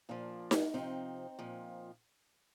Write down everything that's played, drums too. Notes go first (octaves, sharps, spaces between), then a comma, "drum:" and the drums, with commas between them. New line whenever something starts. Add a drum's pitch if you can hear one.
A#2 F3 A#3 D4
drum: snare D#4
C3 F3 C4 D#4
A#2 F3